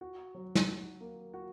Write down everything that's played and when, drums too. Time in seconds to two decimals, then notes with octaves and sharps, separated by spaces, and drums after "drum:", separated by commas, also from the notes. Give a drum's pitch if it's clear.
0.01 F#4
0.35 F#3
0.55 drum: snare
0.67 F#4
1.01 A#3
1.34 F#4